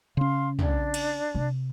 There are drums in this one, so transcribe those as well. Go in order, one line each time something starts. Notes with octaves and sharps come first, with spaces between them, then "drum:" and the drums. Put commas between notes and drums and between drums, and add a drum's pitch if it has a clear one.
C#3 C#4 F5 C6
D4, drum: tom
drum: cymbal
C3